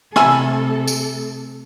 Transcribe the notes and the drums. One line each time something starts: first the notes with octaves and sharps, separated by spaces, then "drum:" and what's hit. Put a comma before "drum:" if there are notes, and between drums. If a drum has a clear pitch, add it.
C3 A3 A4 E5 G#5 B5, drum: rim click
drum: tambourine